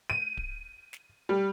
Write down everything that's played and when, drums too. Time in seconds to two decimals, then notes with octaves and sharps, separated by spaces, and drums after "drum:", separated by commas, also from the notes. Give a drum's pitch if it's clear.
0.10 D#7
0.37 drum: kick D1
0.93 drum: snare
1.29 G3